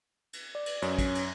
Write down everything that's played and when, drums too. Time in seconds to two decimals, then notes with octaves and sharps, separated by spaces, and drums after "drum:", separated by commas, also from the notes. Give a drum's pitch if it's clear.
0.33 drum: cymbal
0.55 D5
0.66 drum: cymbal
0.82 F#2 C#4 C#5, drum: cymbal
0.99 drum: kick, cymbal
1.15 drum: cymbal